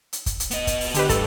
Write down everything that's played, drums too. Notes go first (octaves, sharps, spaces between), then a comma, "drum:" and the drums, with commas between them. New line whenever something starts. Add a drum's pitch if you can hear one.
drum: hi-hat
drum: kick, hi-hat
drum: hi-hat
B3 D#5, drum: hi-hat
drum: kick, hi-hat
drum: open hi-hat
D3 G4 B4, drum: hi-hat
D2 G2 A4, drum: kick, hi-hat